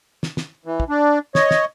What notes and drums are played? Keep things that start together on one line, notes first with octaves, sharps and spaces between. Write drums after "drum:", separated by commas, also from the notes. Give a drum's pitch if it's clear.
drum: snare
drum: snare
E3
drum: kick
D4
C#5 D#5, drum: snare
drum: snare